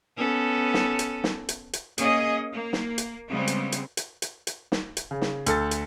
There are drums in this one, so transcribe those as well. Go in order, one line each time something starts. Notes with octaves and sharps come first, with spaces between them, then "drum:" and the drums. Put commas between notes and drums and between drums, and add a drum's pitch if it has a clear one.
B3 C#4 A4
drum: snare
drum: hi-hat
drum: snare
drum: hi-hat
drum: hi-hat
A#3 C#4 G#4 D#5, drum: hi-hat
A#3
drum: snare
drum: hi-hat
C#3 G3 G#3 B3 C4
drum: hi-hat
drum: hi-hat
drum: hi-hat
drum: hi-hat
drum: hi-hat
drum: snare
drum: hi-hat
C#3
drum: snare
D2 A4 A6, drum: hi-hat
drum: hi-hat